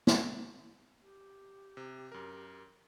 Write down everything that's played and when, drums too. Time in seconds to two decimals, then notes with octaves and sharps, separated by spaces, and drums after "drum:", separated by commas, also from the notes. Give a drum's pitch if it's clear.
0.07 drum: snare
1.01 G4
1.77 C3
2.12 F#2 A#4